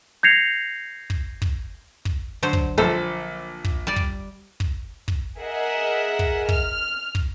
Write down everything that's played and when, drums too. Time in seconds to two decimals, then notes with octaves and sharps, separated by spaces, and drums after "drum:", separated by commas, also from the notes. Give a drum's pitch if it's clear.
0.23 G6 G#6 A#6 C7 C#7 F7
1.10 drum: kick
1.42 drum: kick
2.05 drum: kick
2.43 D3 F#3 C5
2.53 drum: kick
2.78 A#1 A4 C5
3.64 drum: kick
3.87 G3 D5
3.96 drum: kick
4.60 drum: kick
5.08 drum: kick
5.40 G#4 A#4 D#5 E5 F#5
6.19 drum: kick
6.49 F6, drum: kick
7.15 drum: kick